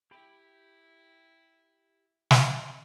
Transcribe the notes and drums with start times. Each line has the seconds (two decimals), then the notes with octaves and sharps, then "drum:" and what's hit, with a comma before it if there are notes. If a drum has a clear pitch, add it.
0.11 E4 G4 G5 B5
2.31 drum: snare